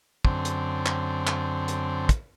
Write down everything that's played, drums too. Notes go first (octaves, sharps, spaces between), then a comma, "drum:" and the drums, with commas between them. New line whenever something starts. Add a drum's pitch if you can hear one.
F#2 D3 C4, drum: kick
drum: hi-hat
drum: clap
drum: clap
drum: hi-hat
drum: kick, hi-hat